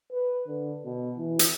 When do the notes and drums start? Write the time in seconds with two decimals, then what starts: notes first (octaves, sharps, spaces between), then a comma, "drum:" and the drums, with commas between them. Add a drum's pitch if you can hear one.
0.12 B4
0.47 D3
0.84 B2
1.17 E3
1.39 drum: hi-hat